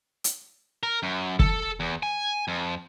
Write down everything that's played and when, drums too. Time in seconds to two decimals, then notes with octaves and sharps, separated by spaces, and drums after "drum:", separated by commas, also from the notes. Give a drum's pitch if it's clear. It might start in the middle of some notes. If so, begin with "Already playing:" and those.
0.24 drum: hi-hat
0.83 A#4
1.03 F#2
1.39 A4, drum: kick
1.80 E2
2.03 G#5
2.48 F2